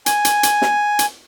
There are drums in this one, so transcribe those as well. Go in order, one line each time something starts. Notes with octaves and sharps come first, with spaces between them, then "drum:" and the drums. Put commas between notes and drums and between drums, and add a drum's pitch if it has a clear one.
G#5, drum: hi-hat
drum: hi-hat
drum: hi-hat
drum: snare
drum: hi-hat